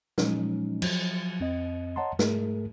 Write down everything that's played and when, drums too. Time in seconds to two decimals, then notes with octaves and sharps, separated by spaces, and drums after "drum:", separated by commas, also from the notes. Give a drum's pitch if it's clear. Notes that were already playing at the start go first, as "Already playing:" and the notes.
0.18 A#2 F3 F#3 G#3 C#4 D#4, drum: snare
0.82 F3 F#3, drum: cymbal
1.40 F2 C4 D#5
1.96 C#5 D#5 F#5 A5 A#5 C6
2.19 G#2 A3 G#4 A#4, drum: snare